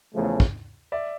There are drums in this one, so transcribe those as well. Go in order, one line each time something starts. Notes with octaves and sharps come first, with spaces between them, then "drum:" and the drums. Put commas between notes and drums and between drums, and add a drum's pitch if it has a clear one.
E2 C#3 F3 A3
drum: kick
D5 E5